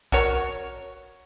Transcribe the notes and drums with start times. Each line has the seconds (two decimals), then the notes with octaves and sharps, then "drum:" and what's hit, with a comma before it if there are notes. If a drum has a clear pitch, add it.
0.12 F#4 A#4 C#5, drum: kick B1